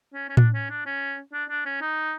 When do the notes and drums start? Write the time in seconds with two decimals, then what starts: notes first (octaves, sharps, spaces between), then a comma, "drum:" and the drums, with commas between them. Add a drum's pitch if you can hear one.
0.14 C#4
0.29 C#4
0.37 D4, drum: tom A2
0.54 C#4
0.70 D4
0.86 C#4
1.33 D4
1.50 D4
1.65 C#4
1.81 D#4